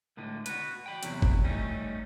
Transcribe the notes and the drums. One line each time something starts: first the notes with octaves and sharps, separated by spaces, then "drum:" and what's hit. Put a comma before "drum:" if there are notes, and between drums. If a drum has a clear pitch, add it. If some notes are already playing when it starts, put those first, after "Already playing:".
C#2 A2 D3
F#4 B4, drum: hi-hat
G5 B5
E2 C3 F#3, drum: hi-hat
drum: kick G1
G3 A3 C#4 D#4